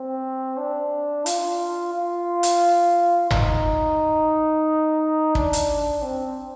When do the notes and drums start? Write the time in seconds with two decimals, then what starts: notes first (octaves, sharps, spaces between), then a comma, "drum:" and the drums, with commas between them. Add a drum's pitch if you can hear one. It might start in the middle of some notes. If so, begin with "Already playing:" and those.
Already playing: C4
0.58 D4
1.26 F4, drum: hi-hat
1.94 F4
2.43 drum: hi-hat
3.30 D#4, drum: tom G1
5.35 D4, drum: kick
5.53 drum: hi-hat
6.02 C4